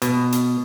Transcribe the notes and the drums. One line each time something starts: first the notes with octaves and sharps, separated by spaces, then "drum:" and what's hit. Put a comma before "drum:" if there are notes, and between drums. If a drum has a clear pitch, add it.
B2, drum: hi-hat
drum: hi-hat